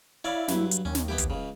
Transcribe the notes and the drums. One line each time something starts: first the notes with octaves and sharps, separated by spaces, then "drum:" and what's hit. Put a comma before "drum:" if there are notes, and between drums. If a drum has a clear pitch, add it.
E4 C#5 D5 F5
G2 F#3, drum: snare
drum: hi-hat
D#2 C#4
drum: snare
B3 E4 G4
drum: kick, hi-hat
C#2 C#3